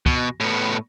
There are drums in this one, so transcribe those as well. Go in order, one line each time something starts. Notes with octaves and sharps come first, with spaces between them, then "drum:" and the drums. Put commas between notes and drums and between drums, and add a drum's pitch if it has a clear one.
B2, drum: kick
A2 B3